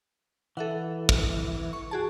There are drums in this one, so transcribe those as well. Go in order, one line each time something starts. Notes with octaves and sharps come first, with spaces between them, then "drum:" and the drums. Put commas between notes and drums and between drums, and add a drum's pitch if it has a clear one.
E3 A4 E5 F#5
drum: kick
C#6
F#4 G#4 A5